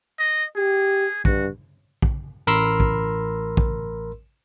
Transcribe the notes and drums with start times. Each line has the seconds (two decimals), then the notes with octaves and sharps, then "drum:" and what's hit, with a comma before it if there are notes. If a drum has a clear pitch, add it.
0.19 D#5
0.56 G4 G#4
1.25 G2 F#4, drum: kick
2.02 drum: kick
2.47 A1 A#4 B5 C6 E6 C7
2.80 drum: kick
3.57 drum: kick